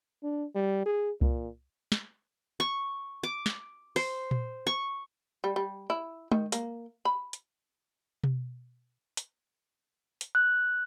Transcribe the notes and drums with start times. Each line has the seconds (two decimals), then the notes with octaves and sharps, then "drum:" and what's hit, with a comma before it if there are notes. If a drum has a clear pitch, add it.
0.23 D4
0.55 G3
0.86 G#4
1.21 A#2, drum: kick C2
1.92 drum: snare
2.60 C#6
3.23 D6
3.46 drum: snare
3.96 C5, drum: open hi-hat
4.31 drum: tom A#2
4.67 C#6
5.44 G3
5.56 G3
5.90 E4
6.32 D#3, drum: tom G#3
6.52 A#3, drum: hi-hat
7.05 B5
7.33 drum: hi-hat
8.24 drum: tom B2
9.17 drum: hi-hat
10.21 drum: hi-hat
10.35 F#6